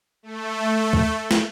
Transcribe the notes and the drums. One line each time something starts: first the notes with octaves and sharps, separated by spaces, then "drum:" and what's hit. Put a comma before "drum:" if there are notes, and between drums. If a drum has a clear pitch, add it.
A3
drum: kick
drum: snare